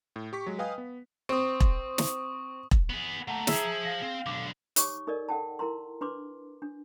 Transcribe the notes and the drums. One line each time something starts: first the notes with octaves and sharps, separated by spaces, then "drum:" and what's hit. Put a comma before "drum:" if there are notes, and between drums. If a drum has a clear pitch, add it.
A2
G4 C#6 B6
F#3 G#3
B4 D#5 F5 G5 G#5 D#6
B3
C4 C#6 D#6
drum: kick E1
drum: snare
drum: kick E1
B3 G#4
A3 A#3 F#5 A5 A#5
G#4 C5 E5 A5 E6 B6, drum: snare
F5 A#6
C4
B1 D3 D6
D#4 G4 C#5 C#6 D6, drum: hi-hat
D#4 A4 A#4 D5 D#5
A4 F#5 G5 A5
E4 A#4 A#5 C6
D4 B4 C6 D6
D4